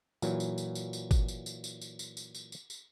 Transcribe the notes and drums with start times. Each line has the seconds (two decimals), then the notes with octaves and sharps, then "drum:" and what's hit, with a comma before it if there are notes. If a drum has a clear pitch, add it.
0.22 A#2 E3 F#3, drum: tambourine
0.40 drum: tambourine
0.58 drum: tambourine
0.75 drum: tambourine
0.93 drum: tambourine
1.11 drum: kick G#1, tambourine
1.28 drum: tambourine
1.46 drum: tambourine
1.64 drum: tambourine
1.82 drum: tambourine
1.99 drum: tambourine
2.17 drum: tambourine
2.35 drum: tambourine
2.52 drum: tambourine
2.70 drum: tambourine